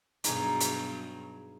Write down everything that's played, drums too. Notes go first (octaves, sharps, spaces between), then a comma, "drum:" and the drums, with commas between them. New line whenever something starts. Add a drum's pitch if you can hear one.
G2 B2 F#3 D#4 G#4, drum: hi-hat
drum: hi-hat